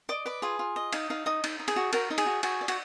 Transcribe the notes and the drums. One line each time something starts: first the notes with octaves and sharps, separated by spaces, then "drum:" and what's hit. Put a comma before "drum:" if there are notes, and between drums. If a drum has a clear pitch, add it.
D5 D#5 D6
B4 D5 D6
F4 G#4 G#5
F4
D#5
D#4 F5, drum: cymbal
D#4 F5
D#4 D#5 D#6
D#4, drum: cymbal
D#4
G#4 G#5, drum: cymbal
F#4
F#4 A#4 A#5, drum: cymbal
D#4
G#4 G#5, drum: cymbal
F#4
F#4 G#4 G#5, drum: cymbal
D5
F#4 F#5, drum: cymbal